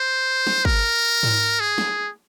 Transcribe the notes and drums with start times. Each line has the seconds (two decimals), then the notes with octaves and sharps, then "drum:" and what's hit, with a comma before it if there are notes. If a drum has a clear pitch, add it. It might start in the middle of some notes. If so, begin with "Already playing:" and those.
Already playing: C5
0.47 drum: snare
0.65 A#4, drum: kick
1.23 drum: tom G#2
1.60 G#4
1.78 drum: snare